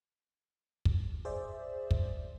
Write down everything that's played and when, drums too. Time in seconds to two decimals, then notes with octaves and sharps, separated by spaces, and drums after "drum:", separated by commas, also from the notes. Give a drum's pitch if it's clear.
0.85 drum: kick
1.25 G#4 C5 D5 E5
1.91 drum: kick